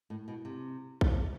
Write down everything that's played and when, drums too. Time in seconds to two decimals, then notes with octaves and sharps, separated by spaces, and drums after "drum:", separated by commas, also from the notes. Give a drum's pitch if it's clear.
0.10 A2
0.28 B2
0.45 C3
1.01 drum: kick